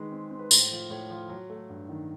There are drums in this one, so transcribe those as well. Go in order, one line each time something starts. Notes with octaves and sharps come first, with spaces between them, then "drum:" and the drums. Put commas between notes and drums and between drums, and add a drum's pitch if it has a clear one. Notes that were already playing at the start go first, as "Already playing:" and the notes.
Already playing: D#3 G#3 B4
C4
C4
B4
A2 C5, drum: tambourine
F3
A2 C#5
F3
F#3
A3
G2
D#3